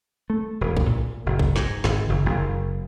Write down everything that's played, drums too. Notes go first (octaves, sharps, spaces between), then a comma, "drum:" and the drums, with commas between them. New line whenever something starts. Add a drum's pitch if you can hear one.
A3
E1
drum: kick A#1
A#2
F#1
drum: kick A#1
G#2, drum: snare
G#1, drum: snare
F#1
F#1